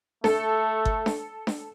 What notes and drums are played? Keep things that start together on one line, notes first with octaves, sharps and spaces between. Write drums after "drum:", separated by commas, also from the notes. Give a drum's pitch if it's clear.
A3 A4, drum: snare D4
drum: kick G1
drum: snare D4
drum: snare D4